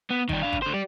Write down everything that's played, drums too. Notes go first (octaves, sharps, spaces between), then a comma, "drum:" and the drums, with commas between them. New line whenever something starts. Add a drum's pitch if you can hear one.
B3
D#3 G3, drum: kick
D4 F5
drum: kick
D3 C5
G4 D5